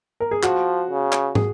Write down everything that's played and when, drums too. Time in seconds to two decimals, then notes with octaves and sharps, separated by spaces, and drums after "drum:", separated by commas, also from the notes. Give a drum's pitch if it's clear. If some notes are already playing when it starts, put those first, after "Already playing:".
0.20 A#4
0.31 G#4
0.43 F3 F#4, drum: clap
0.90 C#3
1.12 drum: clap
1.35 G#4, drum: tom